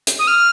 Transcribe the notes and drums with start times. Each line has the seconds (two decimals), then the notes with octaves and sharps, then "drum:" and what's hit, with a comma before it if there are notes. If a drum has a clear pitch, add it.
0.07 drum: hi-hat
0.19 D#6
0.27 F6